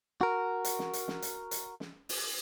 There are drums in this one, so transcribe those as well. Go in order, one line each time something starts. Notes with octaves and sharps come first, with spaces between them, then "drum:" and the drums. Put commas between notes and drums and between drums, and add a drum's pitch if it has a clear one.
F#4 A#4
drum: hi-hat
drum: snare
drum: hi-hat
drum: snare
drum: hi-hat
drum: hi-hat
drum: snare
drum: open hi-hat